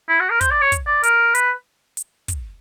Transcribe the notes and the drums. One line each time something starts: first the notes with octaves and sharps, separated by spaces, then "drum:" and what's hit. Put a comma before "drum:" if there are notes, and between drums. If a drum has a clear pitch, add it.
E4
F#4
A#4
C5, drum: kick, hi-hat
D5
C#5
drum: kick, hi-hat
D5
A#4, drum: hi-hat
B4, drum: hi-hat
drum: hi-hat
drum: kick, hi-hat